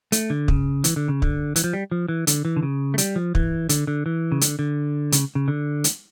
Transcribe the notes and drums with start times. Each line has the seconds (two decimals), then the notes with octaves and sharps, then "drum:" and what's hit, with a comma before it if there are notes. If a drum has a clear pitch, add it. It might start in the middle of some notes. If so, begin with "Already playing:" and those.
0.12 A3, drum: hi-hat
0.30 D3
0.48 C#3, drum: kick
0.84 E3, drum: hi-hat
0.96 D3
1.08 C#3
1.22 D3, drum: kick
1.56 E3, drum: hi-hat
1.64 F3
1.73 G3
1.91 F3
2.09 E3
2.27 D3, drum: hi-hat
2.45 E3
2.57 D3
2.63 C#3
2.94 A3
2.98 G3, drum: hi-hat
3.16 F3
3.35 E3, drum: kick
3.69 D3, drum: hi-hat
3.87 D3
4.06 E3
4.32 C#3
4.41 D3, drum: hi-hat
4.59 D3
5.12 C#3, drum: hi-hat
5.35 C#3
5.48 D3
5.84 drum: hi-hat